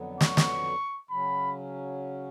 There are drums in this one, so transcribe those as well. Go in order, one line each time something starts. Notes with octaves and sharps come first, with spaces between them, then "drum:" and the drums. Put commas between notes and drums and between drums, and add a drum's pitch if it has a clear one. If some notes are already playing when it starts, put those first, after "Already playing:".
Already playing: F2 D3 F#3 B3
C#6, drum: snare
drum: snare
C#3 F#3 C#4 B5